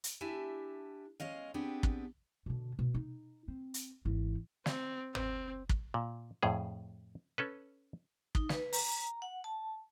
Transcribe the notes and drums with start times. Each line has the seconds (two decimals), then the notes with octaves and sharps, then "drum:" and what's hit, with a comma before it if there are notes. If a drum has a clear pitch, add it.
0.04 drum: hi-hat
0.21 D4 E4 G4 E5 G#5 A5
1.20 G#3 C#4 D#5 F5
1.54 B3 C4 D4 G4 G#4
1.83 drum: kick
2.46 B2 D3
2.79 B2
2.94 D#4
3.48 C4
3.74 drum: hi-hat
4.05 G#1 E3
4.66 C4, drum: snare
5.15 C4, drum: tom
5.69 drum: kick
5.94 A#2
6.43 F2 A2 G#4
7.38 C#4 A4 B4
8.35 D#4, drum: kick
8.49 B4, drum: snare
8.73 A#5, drum: open hi-hat
9.22 F#5
9.44 A5